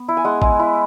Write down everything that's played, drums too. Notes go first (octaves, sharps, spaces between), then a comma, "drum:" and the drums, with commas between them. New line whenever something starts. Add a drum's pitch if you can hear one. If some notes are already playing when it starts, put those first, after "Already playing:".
Already playing: B3
E4
G#5
G#3 F#5
G#3, drum: kick A1
E4